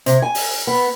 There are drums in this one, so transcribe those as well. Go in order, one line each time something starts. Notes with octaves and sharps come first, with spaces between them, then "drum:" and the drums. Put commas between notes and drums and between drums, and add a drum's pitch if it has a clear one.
C3, drum: hi-hat
G#5
drum: open hi-hat
B3